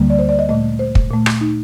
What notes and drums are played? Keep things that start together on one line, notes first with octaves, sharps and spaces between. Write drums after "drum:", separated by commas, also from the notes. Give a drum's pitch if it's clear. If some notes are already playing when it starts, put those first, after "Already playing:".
Already playing: D2 D3 G3 A#3
D5
C5
D5
D#5
A#2 A3 D#5
C5
drum: kick
A#2 A3
drum: rim click
D#4